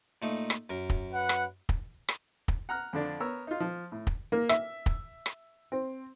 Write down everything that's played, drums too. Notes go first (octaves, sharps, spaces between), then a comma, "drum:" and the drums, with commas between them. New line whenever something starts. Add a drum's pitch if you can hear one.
A#2 A3 D#4
drum: rim click
F#2 A#4
drum: kick
B4 F#5
drum: rim click
drum: kick
drum: rim click
drum: kick
F#5 A#5 F6 F#6
F2 D3 D4
B3 A#4 C#5 E6
D#4 F4
F3
A2
drum: kick
A#3
E5, drum: rim click
drum: kick
drum: rim click
C4